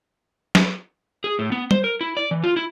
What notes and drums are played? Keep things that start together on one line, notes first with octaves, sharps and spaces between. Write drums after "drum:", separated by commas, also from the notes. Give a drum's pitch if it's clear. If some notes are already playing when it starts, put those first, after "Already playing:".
drum: snare
G#4
A2
B3
C5, drum: tom G3
A#4
E4
D5
E3
F4
E4